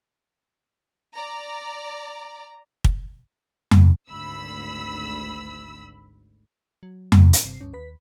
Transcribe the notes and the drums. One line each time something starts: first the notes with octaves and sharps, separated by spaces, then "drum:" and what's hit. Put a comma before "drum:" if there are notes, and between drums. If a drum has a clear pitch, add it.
D5 A#5
drum: kick
drum: tom F2
G#1 D2 B5 E6
F#3
B1, drum: tom F2
A2, drum: hi-hat
G1 G2 C3 C7
D2 G2 C#4
D#2 B4 B5 B6